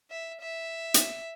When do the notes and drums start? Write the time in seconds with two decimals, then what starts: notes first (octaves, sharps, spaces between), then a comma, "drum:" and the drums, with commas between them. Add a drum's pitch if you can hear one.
0.11 E5
0.41 E5
0.94 drum: hi-hat